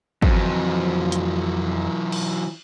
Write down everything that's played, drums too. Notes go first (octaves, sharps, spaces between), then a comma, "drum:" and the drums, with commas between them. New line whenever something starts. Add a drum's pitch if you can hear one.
F2 E3 F#3, drum: kick
drum: hi-hat
drum: cymbal